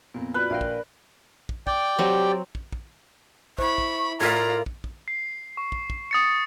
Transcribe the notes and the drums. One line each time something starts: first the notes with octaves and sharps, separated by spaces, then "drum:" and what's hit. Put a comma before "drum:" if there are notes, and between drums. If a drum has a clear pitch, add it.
F2 A#2 B3
F4 F#4 B4 D5
A#1 A#4 D5 F5 G5
drum: kick
drum: kick
D5 G5, drum: kick
F#3 C4 G4
drum: kick
drum: kick
E4 C5 B5 C#6, drum: kick
drum: kick
A2 F4 A#4 D5 E5 A#5 G#6 B6
drum: kick
drum: kick
C7
C#6
drum: kick
drum: kick
D#6 A6 C#7